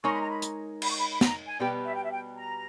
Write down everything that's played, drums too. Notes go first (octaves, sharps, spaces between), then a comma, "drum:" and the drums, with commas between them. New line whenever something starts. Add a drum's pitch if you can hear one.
G#3 D#4 A#4 C#5 C#6
B5
A#5
B5
drum: hi-hat
B5, drum: cymbal
C#6
B5
B5
A#5, drum: snare
G#5
B2 G3 B3 G4 B4 G5
E5
G5
E5
G5
A#5